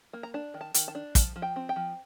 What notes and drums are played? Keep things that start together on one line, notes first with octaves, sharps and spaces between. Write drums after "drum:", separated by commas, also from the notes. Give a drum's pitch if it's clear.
A#3
A#5
D4 A5
D#3
A5
D#3, drum: hi-hat
A5
D4
F3 A5, drum: kick, hi-hat
F3
G5
C4
G5
F3